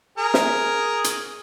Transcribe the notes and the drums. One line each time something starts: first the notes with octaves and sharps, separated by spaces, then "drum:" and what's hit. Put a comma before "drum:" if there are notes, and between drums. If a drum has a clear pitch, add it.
G#4 A#4
drum: snare
drum: hi-hat